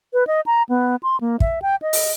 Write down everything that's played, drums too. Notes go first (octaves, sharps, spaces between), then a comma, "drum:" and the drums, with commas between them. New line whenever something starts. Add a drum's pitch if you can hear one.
B4
D#5
A#5
B3
C6
A#3
E5, drum: kick
G5
D#5
drum: open hi-hat